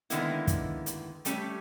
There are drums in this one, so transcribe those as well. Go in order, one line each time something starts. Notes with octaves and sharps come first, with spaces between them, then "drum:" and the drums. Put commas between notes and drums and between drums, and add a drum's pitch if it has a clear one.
D3 D#3 G#3 A#3 B3 E4, drum: hi-hat
drum: kick, hi-hat
drum: hi-hat
G3 A3 C#4 G4, drum: hi-hat